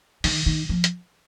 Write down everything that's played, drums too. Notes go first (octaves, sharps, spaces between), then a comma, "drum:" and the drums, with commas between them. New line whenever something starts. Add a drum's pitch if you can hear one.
D#3, drum: open hi-hat
D#3
F3
drum: hi-hat